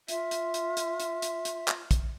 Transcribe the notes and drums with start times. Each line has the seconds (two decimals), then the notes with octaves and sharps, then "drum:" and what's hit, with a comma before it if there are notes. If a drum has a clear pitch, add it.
0.08 F4 E5, drum: hi-hat
0.31 drum: hi-hat
0.54 drum: hi-hat
0.77 drum: hi-hat
1.00 drum: hi-hat
1.22 drum: hi-hat
1.45 drum: hi-hat
1.68 drum: clap
1.91 drum: kick, hi-hat